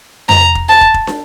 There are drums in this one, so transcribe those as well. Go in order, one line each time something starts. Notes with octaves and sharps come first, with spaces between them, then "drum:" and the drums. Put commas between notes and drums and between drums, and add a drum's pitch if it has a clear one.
A#5, drum: tom F2
drum: kick
A5
drum: kick
drum: kick
drum: snare